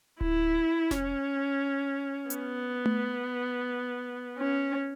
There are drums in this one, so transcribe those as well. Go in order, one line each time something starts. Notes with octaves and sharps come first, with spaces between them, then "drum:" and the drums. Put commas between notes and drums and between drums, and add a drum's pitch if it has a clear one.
E4, drum: kick D1
C#4, drum: snare F1
B3, drum: hi-hat
drum: tom A3
C#4